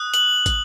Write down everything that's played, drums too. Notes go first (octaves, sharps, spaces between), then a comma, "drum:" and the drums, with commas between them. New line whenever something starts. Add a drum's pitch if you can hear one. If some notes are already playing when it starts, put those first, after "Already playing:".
Already playing: D#6 F#6
F#7, drum: hi-hat
drum: kick, hi-hat